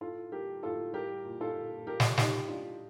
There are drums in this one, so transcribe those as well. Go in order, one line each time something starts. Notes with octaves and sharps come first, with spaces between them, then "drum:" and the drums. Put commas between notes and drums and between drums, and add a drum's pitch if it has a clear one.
A2 F4 A4
G3 G4 A#4
A2 F4 A4
G3 G4 A#4
A#2
F4 A4
A#2
G3 G4 A#4
drum: snare
G3 D#4 G4, drum: snare
A2 D4 F4